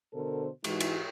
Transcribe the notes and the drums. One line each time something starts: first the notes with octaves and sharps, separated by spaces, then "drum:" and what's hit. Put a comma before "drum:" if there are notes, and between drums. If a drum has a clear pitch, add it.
B2 D3 A4 A#4 C5
G#2 E3 G#3 D#4 E4 F#4, drum: cymbal
drum: cymbal